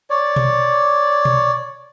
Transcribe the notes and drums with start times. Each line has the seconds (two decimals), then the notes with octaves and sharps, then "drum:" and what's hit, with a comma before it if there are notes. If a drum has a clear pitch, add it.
0.10 C#5 D5
0.36 drum: tom B2
1.25 drum: tom B2